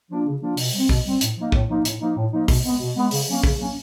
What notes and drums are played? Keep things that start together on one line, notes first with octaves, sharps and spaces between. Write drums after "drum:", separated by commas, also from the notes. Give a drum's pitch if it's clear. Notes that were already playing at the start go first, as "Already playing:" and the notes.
F3 A#3 D4 F4
C#3
F3 A#3 D4 F4
B2, drum: open hi-hat
G3 C4
B2, drum: kick B1
G3 C4
A2, drum: hi-hat
F3 A#3 D#4
A2, drum: kick B1
F3 A#3 D#4
A2, drum: hi-hat
F3 A#3 D#4
A2
F3 A#3 D#4
B2, drum: kick B1, open hi-hat
G#3 B3
B2
G#3 B3
C#3, drum: open hi-hat
F#3 A#3 C#4
C#3, drum: kick B1
F#3 A#3 C#4